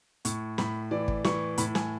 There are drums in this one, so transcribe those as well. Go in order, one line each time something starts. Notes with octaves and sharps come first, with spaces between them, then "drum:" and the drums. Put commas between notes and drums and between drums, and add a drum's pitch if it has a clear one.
A2 C#6, drum: hi-hat
A2 B5, drum: snare
E3 D5
drum: kick
E3 C#6, drum: snare
A2 B5, drum: hi-hat
G#5, drum: snare